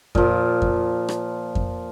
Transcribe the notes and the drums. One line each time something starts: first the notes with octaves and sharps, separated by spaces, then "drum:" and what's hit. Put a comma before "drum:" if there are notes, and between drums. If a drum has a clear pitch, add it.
A#2 F3, drum: kick F2
drum: kick F2
drum: rim click
drum: kick F2